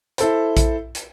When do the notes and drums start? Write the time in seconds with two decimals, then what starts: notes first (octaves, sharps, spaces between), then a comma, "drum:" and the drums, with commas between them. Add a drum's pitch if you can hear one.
0.18 E4 A4 C5, drum: hi-hat
0.57 drum: kick A#1, hi-hat
0.95 drum: hi-hat